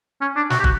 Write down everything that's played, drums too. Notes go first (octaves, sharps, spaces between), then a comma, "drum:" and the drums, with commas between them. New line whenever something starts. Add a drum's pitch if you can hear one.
C#4
D4
F#4, drum: snare
G4
F#4, drum: kick